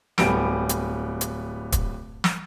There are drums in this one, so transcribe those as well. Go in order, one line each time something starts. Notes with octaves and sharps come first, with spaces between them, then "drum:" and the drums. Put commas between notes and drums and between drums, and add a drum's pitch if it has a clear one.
D1 G3 B3 D7, drum: snare
drum: hi-hat
drum: hi-hat
drum: kick, hi-hat
drum: snare